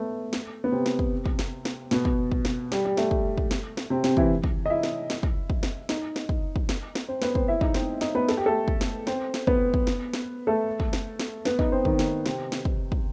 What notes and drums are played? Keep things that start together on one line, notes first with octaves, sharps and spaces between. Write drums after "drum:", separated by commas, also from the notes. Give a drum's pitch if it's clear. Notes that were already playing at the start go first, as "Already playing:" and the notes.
Already playing: A3 B3
drum: snare
B3
C3 C4
drum: snare
drum: kick
drum: kick
drum: snare
drum: snare
B2 B3, drum: snare
drum: kick
drum: kick
drum: snare
G3, drum: snare
G3
A3, drum: snare
drum: kick
drum: kick
drum: snare
drum: snare
C3 C4
C3 C4, drum: snare
E3 E4, drum: kick
drum: kick
D#5
E4 E5
drum: snare
drum: snare
drum: kick
drum: kick
drum: snare
D#4 D#5, drum: snare
drum: snare
drum: kick
drum: kick
drum: snare
drum: snare
C4 C5
B3 B4, drum: snare
C4 C5, drum: kick
E4 E5
D#4 D#5, drum: kick
C4 C5, drum: snare
D#4 D#5, drum: snare
B3 B4
A4, drum: snare
G4
A3 A4
drum: kick
drum: snare
C4 C5, drum: snare
drum: snare
B3 B4, drum: kick
drum: kick
drum: snare
drum: snare
A3 A4
drum: kick
drum: snare
drum: snare
B3 B4, drum: snare
D#4 D#5, drum: kick
C4 C5
D#3 D#4, drum: kick
drum: snare
C3 C4, drum: snare
drum: snare
drum: kick
drum: kick